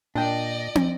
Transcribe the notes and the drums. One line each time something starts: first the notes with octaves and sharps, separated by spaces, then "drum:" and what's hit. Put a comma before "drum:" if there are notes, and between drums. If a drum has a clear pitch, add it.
A#2 D4 D5 D#5 G5
drum: tom